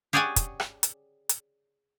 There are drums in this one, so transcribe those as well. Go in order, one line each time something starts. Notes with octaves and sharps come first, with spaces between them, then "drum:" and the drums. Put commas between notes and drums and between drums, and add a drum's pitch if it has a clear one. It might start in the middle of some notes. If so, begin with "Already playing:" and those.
G4 G#4 C#5 D5 F#5 G#5
drum: kick, hi-hat
drum: rim click
drum: hi-hat
drum: hi-hat